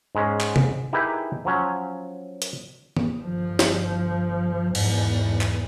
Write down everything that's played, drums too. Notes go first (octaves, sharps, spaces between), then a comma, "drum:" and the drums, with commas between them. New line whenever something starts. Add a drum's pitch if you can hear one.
G#2 G#3 C#4
drum: clap
drum: tom C3
D#4 E4 G4 G#4 A#4 B4
F3 F#3 C#4
drum: hi-hat
drum: tom D#3
G1 F3
drum: snare
E2 G#2, drum: cymbal
drum: clap